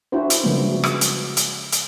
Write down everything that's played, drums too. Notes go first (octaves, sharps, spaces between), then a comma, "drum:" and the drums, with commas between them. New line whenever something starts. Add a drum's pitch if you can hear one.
D4 E4 F#4 C5
drum: hi-hat
C#3 F3 G3 G#3 A#3 B3
F#4
drum: rim click
drum: hi-hat
drum: hi-hat
drum: hi-hat